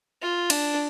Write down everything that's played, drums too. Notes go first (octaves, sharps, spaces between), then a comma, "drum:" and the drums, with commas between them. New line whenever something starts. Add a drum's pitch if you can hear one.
F4
D4, drum: cymbal